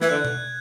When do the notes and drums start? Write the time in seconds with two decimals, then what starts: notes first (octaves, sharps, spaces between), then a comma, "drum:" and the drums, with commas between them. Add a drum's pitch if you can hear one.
0.01 E3 G#6, drum: snare
0.09 D3 F#6
0.25 drum: tom B2